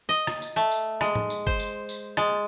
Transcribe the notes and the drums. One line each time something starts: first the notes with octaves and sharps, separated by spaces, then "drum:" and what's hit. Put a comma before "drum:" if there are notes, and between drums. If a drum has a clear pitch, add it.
D#5
drum: rim click
drum: tambourine
A3
drum: tambourine
G#3, drum: rim click
drum: tom A2
drum: tambourine
C5, drum: kick G1
drum: tambourine
drum: tambourine
G#3, drum: rim click